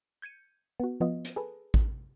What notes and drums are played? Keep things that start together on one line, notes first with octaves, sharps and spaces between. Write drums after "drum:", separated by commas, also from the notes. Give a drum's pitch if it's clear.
G6 G#6 C#7 D#7
B3 F#4
F3 B3 F4 D#5
drum: hi-hat
G#4 A4 B4
drum: kick A1